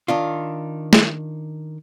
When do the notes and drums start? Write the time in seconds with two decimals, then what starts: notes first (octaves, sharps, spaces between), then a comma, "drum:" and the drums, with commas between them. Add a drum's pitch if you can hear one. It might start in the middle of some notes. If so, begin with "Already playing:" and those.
0.08 D#3 D4 F4
0.93 drum: snare